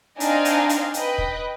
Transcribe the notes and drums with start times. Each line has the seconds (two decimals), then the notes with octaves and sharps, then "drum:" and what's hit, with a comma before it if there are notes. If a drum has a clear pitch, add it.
0.20 C4 D4 D#4 D#5 F5 G#5, drum: hi-hat
0.45 drum: hi-hat
0.69 drum: hi-hat
0.94 B4 D#5 G5, drum: hi-hat
1.18 drum: kick